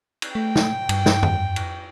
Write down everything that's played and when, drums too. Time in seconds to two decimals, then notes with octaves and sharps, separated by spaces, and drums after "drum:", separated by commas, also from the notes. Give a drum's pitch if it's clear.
0.22 drum: cymbal
0.35 A3 G5
0.56 drum: snare
0.89 G2, drum: cymbal
1.06 drum: snare
1.23 drum: tom F2
1.56 drum: cymbal